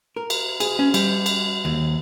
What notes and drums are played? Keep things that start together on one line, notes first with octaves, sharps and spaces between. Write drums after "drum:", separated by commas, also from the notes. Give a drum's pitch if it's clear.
A#4
drum: cymbal
G#4, drum: cymbal
C#4
G3, drum: cymbal
drum: cymbal
D#2